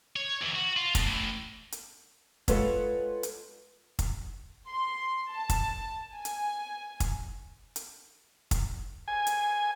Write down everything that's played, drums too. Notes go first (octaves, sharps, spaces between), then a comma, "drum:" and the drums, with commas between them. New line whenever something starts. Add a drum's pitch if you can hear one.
C#5
D#2 E3
F#4
F4
B2, drum: kick, hi-hat
A2 E3
drum: hi-hat
G#3 F4 A4 B4 C#5 F#5, drum: kick, hi-hat
drum: hi-hat
drum: kick, hi-hat
C6
A5
drum: kick, hi-hat
G#5
drum: hi-hat
drum: kick, hi-hat
drum: hi-hat
drum: kick, hi-hat
G#5
drum: hi-hat